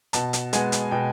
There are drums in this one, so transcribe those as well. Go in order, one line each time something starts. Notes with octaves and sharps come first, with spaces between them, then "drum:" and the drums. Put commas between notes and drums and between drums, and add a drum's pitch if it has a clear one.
B2 A5, drum: hi-hat
drum: hi-hat
G#3 B3 G#5, drum: hi-hat
drum: hi-hat
B2 G5